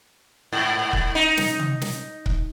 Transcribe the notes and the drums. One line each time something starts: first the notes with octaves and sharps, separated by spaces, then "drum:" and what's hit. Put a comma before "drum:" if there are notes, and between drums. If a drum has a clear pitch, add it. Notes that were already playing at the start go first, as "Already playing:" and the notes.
G#2
drum: kick C#1
D#4
drum: snare
drum: tom
drum: snare
drum: kick C#1